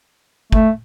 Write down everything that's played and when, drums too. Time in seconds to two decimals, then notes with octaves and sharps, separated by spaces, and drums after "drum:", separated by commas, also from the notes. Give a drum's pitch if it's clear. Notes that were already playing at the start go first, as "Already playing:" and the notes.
0.52 A3, drum: kick